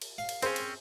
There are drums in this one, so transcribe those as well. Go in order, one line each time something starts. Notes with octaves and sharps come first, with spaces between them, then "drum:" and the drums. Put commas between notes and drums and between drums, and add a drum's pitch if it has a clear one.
drum: cymbal
F5
drum: cymbal
C4 C#4 G#4 C5, drum: cymbal
drum: cymbal